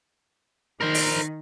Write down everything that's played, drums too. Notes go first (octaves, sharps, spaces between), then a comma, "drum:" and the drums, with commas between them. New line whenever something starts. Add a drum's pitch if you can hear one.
D#3 A#4 C5
drum: open hi-hat